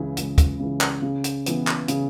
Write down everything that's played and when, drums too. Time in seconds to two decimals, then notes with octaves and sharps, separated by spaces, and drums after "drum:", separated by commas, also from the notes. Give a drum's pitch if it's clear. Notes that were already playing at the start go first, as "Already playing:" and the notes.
Already playing: C#2 C#3 E3
0.17 C#2, drum: hi-hat
0.38 drum: kick, hi-hat
0.59 C#3 E3
0.81 drum: clap
1.02 C#3
1.24 drum: hi-hat
1.46 E3 B3, drum: hi-hat
1.67 drum: clap
1.88 C#3, drum: hi-hat